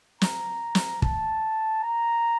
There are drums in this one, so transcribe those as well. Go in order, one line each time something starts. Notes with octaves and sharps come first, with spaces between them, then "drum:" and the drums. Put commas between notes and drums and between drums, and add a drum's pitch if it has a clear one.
A#5, drum: snare
drum: snare
A5, drum: kick
A#5